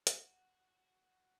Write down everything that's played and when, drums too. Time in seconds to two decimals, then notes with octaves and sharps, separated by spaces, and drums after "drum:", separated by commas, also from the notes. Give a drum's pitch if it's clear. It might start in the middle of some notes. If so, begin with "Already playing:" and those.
0.07 F#4, drum: hi-hat